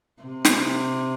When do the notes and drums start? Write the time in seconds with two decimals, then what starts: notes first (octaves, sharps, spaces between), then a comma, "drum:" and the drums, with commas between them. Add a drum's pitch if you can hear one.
0.22 C3
0.45 drum: snare